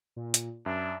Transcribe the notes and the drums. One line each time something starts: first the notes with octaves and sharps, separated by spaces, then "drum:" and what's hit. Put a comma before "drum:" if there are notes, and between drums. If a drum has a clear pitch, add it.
A#2
drum: hi-hat
F#2 D4 E5